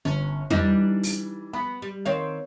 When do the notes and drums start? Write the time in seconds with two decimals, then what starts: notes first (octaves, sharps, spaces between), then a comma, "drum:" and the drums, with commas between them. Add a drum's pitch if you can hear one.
0.05 G1 C#4
0.50 E3 G3 D4 D#4, drum: tom E2
1.03 drum: open hi-hat
1.53 B3 B5
1.82 G3
2.06 D#3 C4 C#5 F5